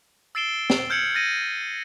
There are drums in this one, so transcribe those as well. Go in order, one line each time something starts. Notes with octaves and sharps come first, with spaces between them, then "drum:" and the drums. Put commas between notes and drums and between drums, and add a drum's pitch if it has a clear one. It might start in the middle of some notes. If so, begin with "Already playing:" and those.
E6 A6 C7 D7 E7 G7
drum: snare
F6 G6 G#6 C#7 F#7
F6 A6 A#6 D#7